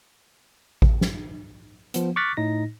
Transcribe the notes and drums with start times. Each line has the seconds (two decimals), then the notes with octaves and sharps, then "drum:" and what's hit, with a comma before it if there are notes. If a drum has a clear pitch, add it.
0.82 drum: kick A1
1.01 drum: snare
1.94 F3 B3, drum: hi-hat
2.16 C#6 D6 F6 F#6 A6 B6
2.37 A2 D#4 A#6